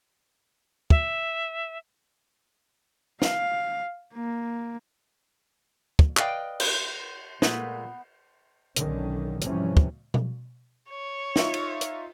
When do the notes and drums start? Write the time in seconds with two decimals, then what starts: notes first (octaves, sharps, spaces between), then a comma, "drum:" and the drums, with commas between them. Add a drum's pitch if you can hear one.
0.90 E5, drum: kick
3.22 F5, drum: snare
4.14 A#3
5.99 drum: kick
6.17 B4 D5 D#5 F5 G5, drum: clap
6.60 drum: cymbal
7.42 A#2 G#3 A3 B3 B4, drum: snare
8.76 B1 D3 D#3 C#4, drum: hi-hat
9.41 G#2 C3 E3 F3 G3 C#4, drum: hi-hat
9.77 drum: kick
10.14 drum: tom B2
10.90 C#5
11.36 D#4 F4 E5, drum: snare
11.54 drum: cymbal
11.81 drum: hi-hat